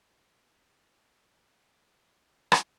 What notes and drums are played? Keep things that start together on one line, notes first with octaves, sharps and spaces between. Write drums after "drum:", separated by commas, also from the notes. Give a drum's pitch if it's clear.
C#3 B5 D6 F#6
drum: rim click